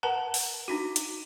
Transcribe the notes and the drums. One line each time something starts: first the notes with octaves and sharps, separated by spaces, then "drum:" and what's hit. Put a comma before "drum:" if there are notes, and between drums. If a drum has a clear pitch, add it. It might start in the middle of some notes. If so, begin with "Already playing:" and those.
A#4 B4 F#5 A5 A#5
drum: open hi-hat
D4 D#4 F#4
drum: hi-hat